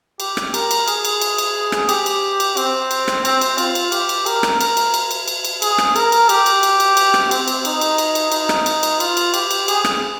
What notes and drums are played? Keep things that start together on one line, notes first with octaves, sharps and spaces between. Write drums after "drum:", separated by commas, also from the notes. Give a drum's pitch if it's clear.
G4, drum: cymbal
drum: rim click
A#4, drum: cymbal
drum: cymbal
G#4, drum: cymbal
drum: cymbal
drum: cymbal
drum: cymbal
drum: rim click
G4, drum: cymbal
drum: cymbal
drum: cymbal
C4, drum: cymbal
drum: cymbal
drum: rim click
C4, drum: cymbal
drum: cymbal
F4, drum: cymbal
drum: cymbal
G4, drum: cymbal
drum: cymbal
A#4, drum: cymbal
drum: rim click
A#4, drum: cymbal
drum: cymbal
drum: cymbal
drum: cymbal
drum: cymbal
drum: cymbal
G#4, drum: cymbal
drum: rim click
A#4, drum: cymbal
drum: cymbal
G4, drum: cymbal
drum: cymbal
drum: cymbal
drum: cymbal
drum: cymbal
drum: rim click
C4, drum: cymbal
drum: cymbal
D#4, drum: cymbal
drum: cymbal
drum: cymbal
drum: cymbal
D#4, drum: cymbal
drum: rim click
drum: cymbal
drum: cymbal
F4, drum: cymbal
drum: cymbal
G4, drum: cymbal
drum: cymbal
G#4, drum: cymbal
drum: rim click